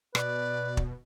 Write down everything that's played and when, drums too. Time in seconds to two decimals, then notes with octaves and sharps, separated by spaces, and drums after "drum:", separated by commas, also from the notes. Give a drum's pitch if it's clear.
0.15 B2 B4 D5, drum: rim click
0.77 drum: kick